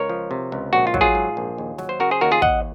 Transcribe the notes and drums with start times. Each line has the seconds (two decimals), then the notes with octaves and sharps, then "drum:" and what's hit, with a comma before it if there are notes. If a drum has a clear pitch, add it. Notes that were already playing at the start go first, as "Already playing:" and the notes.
Already playing: C#2 A#4 C#5
0.09 F3
0.31 C3
0.52 C#2
0.73 A#1 F#4
0.87 F4
0.94 F#3, drum: kick
1.01 F4 G#4
1.15 G#2
1.37 A#1
1.58 D#2
1.78 F#3, drum: snare
1.89 C5
2.00 C#3 F#4 A#4
2.11 G#4 C5
2.21 D#2 F#4 A#4
2.31 F4 G#4
2.42 D#2 D#5 F#5, drum: kick